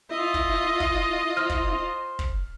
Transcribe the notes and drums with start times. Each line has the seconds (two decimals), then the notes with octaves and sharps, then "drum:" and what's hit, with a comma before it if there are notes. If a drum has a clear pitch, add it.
0.11 E4 F4 D#5 E5
0.34 drum: kick
0.80 drum: kick
1.37 C5 F6
1.50 drum: kick
2.19 drum: kick